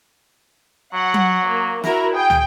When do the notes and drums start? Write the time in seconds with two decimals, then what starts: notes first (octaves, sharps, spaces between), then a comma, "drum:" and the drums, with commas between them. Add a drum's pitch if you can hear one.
0.94 F#3 F#5
1.14 drum: tom F#3
1.45 A#3
1.84 E4 F#4 A#4, drum: snare
2.14 G#4 G5
2.30 drum: tom